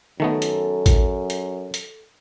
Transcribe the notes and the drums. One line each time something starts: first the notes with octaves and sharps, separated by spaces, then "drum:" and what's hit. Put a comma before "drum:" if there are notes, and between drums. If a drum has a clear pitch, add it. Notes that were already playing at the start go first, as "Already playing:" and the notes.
F#2 D#3 A3 B3 A4 A#4
drum: hi-hat
drum: kick, hi-hat
drum: hi-hat
drum: hi-hat